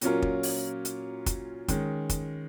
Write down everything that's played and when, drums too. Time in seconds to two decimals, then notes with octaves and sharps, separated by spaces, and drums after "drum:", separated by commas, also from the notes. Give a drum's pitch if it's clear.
0.01 A#2 F#3 C#4 F4 A#4, drum: hi-hat
0.22 drum: kick
0.43 drum: open hi-hat
0.85 drum: hi-hat
1.26 drum: kick, hi-hat
1.68 D#3 G#3 C#4, drum: kick, hi-hat
2.09 drum: kick, hi-hat